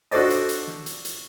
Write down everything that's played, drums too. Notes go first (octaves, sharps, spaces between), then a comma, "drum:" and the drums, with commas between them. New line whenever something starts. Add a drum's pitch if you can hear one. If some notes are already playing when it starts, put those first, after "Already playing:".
D4 F#4 A4 C5 D5 D#5, drum: open hi-hat
drum: hi-hat
drum: hi-hat
drum: snare
drum: hi-hat
drum: hi-hat